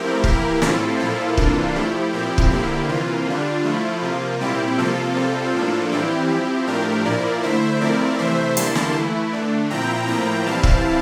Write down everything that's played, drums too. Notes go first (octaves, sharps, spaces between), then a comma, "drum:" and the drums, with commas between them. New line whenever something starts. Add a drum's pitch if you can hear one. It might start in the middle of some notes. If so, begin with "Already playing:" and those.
Already playing: F3 A3 C4 E4 G4 A#4
E3 A#3 E4 G4 A#4, drum: kick
A2 G3 C4 E4 F4 A4, drum: snare
A#2 F3 A#3 E4 F4 A4
C3 E3 A#3 D4, drum: kick
F3 A3 E4 G4
A#2 F3 C4 E4 G4
drum: kick
D3 F3 A#3 E4 G4
C3 E3 A#3 F4
D3 G3 D4
F3 A3 E4
C3 F3 A#3
A#2 G3 C4 E4 G4
C3 F3 A#3 F4 A4
C3 G3 C4
A2 F3 A#3 D4
E3 G3 C4 E4 G4
F3 C4 E4
A2 F3 A3 D4 G4 A#4
A#2 F3 A#3 E4 A#4 D5
D3 A3 E4 C5 E5
F3 A3 C4 E4 A#4 D5
C3 E3 A3 C5 E5
D3 G3 A#3 E4 A5 C6, drum: hi-hat
drum: snare
E3 A3 E4
D3 A3 D4
A#2 F3 C4 E4 G5 A#5
A2 F3 A#3 E4 G5 A#5
E3 G3 C4 E4 F5 A5
drum: kick